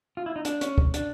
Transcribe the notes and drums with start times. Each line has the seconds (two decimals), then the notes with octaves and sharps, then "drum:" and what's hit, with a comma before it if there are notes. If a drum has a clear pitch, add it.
0.17 F4
0.26 E4
0.36 D#4
0.45 D4, drum: hi-hat
0.61 C#4, drum: hi-hat
0.78 drum: kick
0.94 D4, drum: hi-hat